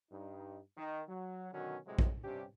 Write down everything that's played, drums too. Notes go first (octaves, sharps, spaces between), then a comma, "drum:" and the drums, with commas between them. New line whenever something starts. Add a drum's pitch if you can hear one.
G2 D#4
D#3
F#3
B2 D3 D#3 F#3 C#4 F#4
A2 C3 F#3 G#3 A3
drum: kick A#1
G2 C3 C#4 D4 G4